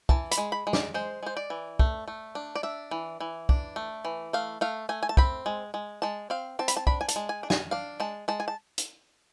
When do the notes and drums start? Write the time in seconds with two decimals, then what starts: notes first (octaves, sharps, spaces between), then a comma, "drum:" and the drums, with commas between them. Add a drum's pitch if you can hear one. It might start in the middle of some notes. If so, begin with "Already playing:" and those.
0.09 E3 A5, drum: kick
0.31 B5, drum: hi-hat
0.38 G#3
0.52 B5
0.67 G#3
0.73 D5, drum: snare
0.94 G#3 C5
1.23 G#3 C5
1.37 D5
1.50 E3
1.79 A3, drum: kick
2.08 A3
2.35 D4
2.55 D5
2.63 D4 E5
2.91 E3
3.20 E3
3.49 D4, drum: kick
3.76 A3
4.05 E3
4.33 A3 F5
4.61 A3 F5
4.89 A3 G#5
5.03 G#5
5.09 A5
5.17 C4 B5, drum: kick
5.46 G#3
5.74 G#3
6.02 G#3 A5
6.30 C4 F5
6.59 C4 A5
6.68 B5, drum: hi-hat
6.77 A5
6.87 D4 B5, drum: kick
7.01 G#5
7.08 A5, drum: hi-hat
7.16 G#3
7.29 G#5
7.43 D4
7.50 G#5, drum: snare
7.71 D4 F5
8.00 G#3 A5
8.28 G#3 A5
8.40 G#5
8.48 A5
8.78 drum: hi-hat